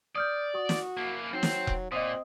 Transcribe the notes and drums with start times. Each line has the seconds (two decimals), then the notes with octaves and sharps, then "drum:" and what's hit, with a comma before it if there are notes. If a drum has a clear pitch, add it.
0.16 D5 D#6 F6 G6
0.55 F#4 C#6 D#6
0.69 drum: snare
0.97 A#3 E4
1.33 F#3 C4 D#4
1.43 drum: snare
1.67 drum: kick E1
1.92 A#2 C4 D#5 D#6